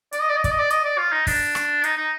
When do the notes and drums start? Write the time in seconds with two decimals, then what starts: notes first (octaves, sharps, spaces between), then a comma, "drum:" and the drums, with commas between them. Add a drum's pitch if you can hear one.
0.13 D5, drum: hi-hat
0.21 D#5
0.29 D5
0.36 D#5
0.44 D5, drum: kick, hi-hat
0.51 D#5
0.59 D5
0.70 D#5, drum: hi-hat
0.84 D5
0.98 F4
1.12 D#4
1.27 D4, drum: kick, open hi-hat
1.55 drum: rim click
1.84 D#4, drum: hi-hat
1.97 D#4